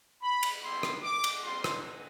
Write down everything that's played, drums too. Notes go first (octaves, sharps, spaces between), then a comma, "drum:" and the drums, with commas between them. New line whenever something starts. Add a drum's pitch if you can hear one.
B5
drum: cymbal
G3 B3 E4 G4 C6
drum: rim click
D6
drum: cymbal
G3 C4 F4 C6
drum: rim click